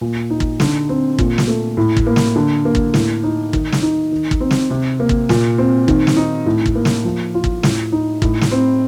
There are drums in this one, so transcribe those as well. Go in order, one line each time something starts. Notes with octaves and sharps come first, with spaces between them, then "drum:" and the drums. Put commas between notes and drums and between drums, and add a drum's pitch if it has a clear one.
A#2
D#4
drum: kick
D3, drum: snare
C4
A#2, drum: kick
drum: snare
A3
A2
drum: kick
A#3
drum: snare
D3
A#3
drum: kick
A2, drum: snare
D#4
D#3, drum: kick
drum: snare
D#4
D#3
drum: kick
C4
drum: snare
C3
A#3
drum: kick
A#2, drum: snare
C4
D#3, drum: kick
drum: snare
D#4
A2
drum: kick
A#3
drum: snare
F3
F4
drum: kick
A2, drum: snare
D#4
A2, drum: kick
drum: snare
C4